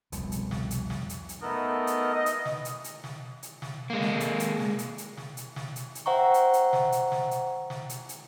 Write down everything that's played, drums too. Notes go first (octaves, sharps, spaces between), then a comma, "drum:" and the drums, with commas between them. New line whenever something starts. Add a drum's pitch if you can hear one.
F1 C2 B2, drum: hi-hat
drum: hi-hat
drum: snare
drum: hi-hat
drum: snare
drum: hi-hat
drum: hi-hat
A3 B3 D#4 A#4 D#5
drum: hi-hat
D#5
drum: hi-hat
drum: snare
drum: hi-hat
drum: hi-hat
drum: snare
drum: hi-hat
drum: snare
G#3 A#3
drum: snare
drum: hi-hat
drum: hi-hat
drum: snare
drum: hi-hat
drum: hi-hat
drum: snare
drum: hi-hat
drum: snare
drum: hi-hat
drum: hi-hat
C5 E5 F#5 G5 A#5 C#6
drum: hi-hat
drum: hi-hat
drum: snare
drum: hi-hat
drum: snare
drum: hi-hat
drum: snare
drum: hi-hat
drum: hi-hat